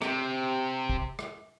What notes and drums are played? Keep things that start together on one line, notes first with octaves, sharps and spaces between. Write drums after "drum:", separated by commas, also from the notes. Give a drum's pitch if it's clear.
C3, drum: rim click
drum: kick
drum: rim click